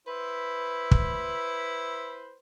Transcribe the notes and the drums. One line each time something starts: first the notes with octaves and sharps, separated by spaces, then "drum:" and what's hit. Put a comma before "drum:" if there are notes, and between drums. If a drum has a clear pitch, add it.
E4 B4 C5
drum: kick